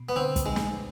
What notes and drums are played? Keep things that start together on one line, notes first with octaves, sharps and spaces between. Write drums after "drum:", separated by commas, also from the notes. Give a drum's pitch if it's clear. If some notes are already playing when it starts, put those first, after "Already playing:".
Already playing: B2
B3
D3 C4
drum: kick, hi-hat
G#3 D#4
drum: snare